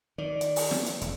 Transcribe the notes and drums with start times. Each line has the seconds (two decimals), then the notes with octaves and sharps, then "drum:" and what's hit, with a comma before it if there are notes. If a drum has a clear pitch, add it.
0.18 D#3 D5
0.41 drum: hi-hat
0.56 drum: open hi-hat
0.71 drum: snare
0.86 drum: hi-hat
1.01 E1, drum: hi-hat